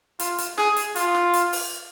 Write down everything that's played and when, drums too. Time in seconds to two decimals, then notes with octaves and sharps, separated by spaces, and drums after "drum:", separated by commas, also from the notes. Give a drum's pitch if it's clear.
0.20 F4, drum: hi-hat
0.38 drum: hi-hat
0.58 G#4, drum: snare
0.77 drum: hi-hat
0.96 F4, drum: hi-hat
1.15 drum: snare
1.34 drum: hi-hat
1.53 drum: open hi-hat